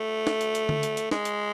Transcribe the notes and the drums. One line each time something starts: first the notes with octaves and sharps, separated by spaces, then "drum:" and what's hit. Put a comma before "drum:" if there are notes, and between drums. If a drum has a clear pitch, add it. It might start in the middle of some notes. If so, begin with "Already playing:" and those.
Already playing: A3
drum: snare
drum: hi-hat
drum: hi-hat
drum: tom D3
drum: hi-hat
drum: hi-hat
G#3, drum: snare
drum: hi-hat